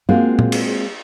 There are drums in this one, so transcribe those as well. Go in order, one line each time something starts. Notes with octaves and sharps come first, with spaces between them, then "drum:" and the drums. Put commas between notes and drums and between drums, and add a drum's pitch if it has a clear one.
G#3 A#3 C4 F4 F#4 G#4
drum: tom A#2
drum: cymbal